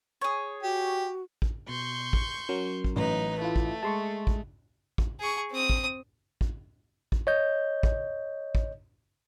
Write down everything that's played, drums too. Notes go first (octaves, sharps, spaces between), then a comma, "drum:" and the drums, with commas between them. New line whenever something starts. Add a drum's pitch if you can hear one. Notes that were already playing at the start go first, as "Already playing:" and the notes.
G#4 C#5
F#4 G4
drum: kick
B2 C6 C#6 G6
drum: kick
F#3 C#4 A#4
drum: kick
A1 D#4 B4
A3 E4 F4
drum: kick
G#3 A5 C6 C#6
drum: kick
drum: kick
G#4 C#6
C4 D#6
drum: kick
drum: kick
drum: kick
C#5 D#5 G6
drum: kick
drum: kick